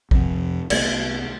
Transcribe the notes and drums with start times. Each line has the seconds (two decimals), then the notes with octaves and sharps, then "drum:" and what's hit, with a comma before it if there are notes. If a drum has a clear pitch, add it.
0.11 F2 C3, drum: kick B1
0.70 C2 A3 B3, drum: cymbal